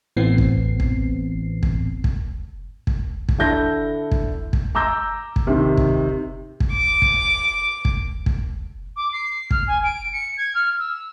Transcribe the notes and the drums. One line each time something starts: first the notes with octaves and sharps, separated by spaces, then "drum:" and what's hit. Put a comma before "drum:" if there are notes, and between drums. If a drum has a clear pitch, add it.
A1 A2 E3 B3 C4 C7
drum: kick
drum: kick
drum: kick
drum: kick
drum: kick
drum: kick
D3 E4 A4 G6 A#6
drum: kick
drum: kick
A#5 D6 E6 G6 A#6
drum: kick
C3 D#3
drum: kick
drum: kick
D6
drum: kick
drum: kick
drum: kick
D6
C7
F6, drum: kick
G#5
D7
C#7
G#6
F6
E6